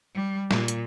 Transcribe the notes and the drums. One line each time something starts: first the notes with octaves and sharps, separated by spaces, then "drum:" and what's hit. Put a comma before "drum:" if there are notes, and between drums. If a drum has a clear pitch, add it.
G3
A#2, drum: snare
drum: hi-hat